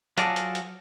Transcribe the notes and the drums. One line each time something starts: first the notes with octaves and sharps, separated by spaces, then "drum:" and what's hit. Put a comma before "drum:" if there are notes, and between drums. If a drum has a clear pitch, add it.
F#3 F4 F#4 G#4 A4 D5, drum: hi-hat
drum: hi-hat
drum: hi-hat